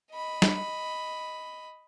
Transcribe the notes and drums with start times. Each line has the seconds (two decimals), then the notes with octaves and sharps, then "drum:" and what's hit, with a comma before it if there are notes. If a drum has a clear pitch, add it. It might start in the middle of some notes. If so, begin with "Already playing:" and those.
0.12 D#5 B5
0.42 drum: snare